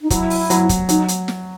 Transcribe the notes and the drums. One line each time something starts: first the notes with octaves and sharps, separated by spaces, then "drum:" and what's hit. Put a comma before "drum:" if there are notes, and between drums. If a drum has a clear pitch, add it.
D#4
F#3 E4, drum: kick, hi-hat
drum: open hi-hat
F#3, drum: hi-hat
drum: kick, hi-hat
F#3 D#4, drum: hi-hat
drum: hi-hat
drum: snare